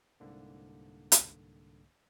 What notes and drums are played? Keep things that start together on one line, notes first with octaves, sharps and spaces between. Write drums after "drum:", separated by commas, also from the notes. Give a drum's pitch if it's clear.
C2 G#2 D3 A#3
drum: hi-hat